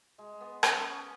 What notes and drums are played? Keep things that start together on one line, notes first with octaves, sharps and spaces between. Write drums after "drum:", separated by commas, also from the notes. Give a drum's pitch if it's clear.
G#3
B3
C#4, drum: rim click